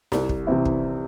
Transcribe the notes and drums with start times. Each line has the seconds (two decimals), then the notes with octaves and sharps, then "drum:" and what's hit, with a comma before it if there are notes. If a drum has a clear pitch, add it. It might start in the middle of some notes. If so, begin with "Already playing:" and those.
0.12 C2, drum: snare
0.29 drum: kick
0.47 C3 E3 C4 E4
0.65 drum: kick